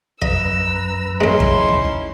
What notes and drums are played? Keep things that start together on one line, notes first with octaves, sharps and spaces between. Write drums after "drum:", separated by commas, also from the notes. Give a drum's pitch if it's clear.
F#2 B4 D#5 A#5 E6, drum: kick
G#3 C#4 D#4 E4 A#4 C6
drum: kick
drum: tom D2